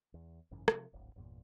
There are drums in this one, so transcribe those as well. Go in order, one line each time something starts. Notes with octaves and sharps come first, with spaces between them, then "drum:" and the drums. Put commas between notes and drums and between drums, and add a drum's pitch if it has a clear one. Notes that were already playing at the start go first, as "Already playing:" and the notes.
E2
G#1 F#2 C#3 E3
C3 F3, drum: rim click
D1 G#1
G1 E2 A#2